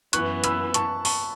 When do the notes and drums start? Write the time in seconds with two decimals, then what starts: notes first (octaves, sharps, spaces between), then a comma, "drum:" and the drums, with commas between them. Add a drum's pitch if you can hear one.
0.13 F#2 E3 B3 C#6 F#6, drum: hi-hat
0.44 B5 E6, drum: hi-hat
0.74 A5 C#6, drum: hi-hat
1.05 A5 C#6, drum: open hi-hat